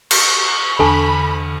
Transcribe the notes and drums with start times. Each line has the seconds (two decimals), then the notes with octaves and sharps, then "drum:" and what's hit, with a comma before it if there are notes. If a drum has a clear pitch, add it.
0.11 C#6, drum: cymbal
0.79 E2 D3 A4 G#5 A5 B5